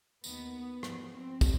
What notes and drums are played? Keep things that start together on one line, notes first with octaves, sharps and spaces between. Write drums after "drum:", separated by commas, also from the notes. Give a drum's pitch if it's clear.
D#2 D#3 B3, drum: tambourine
G#2 F3, drum: rim click
C4
drum: kick, tambourine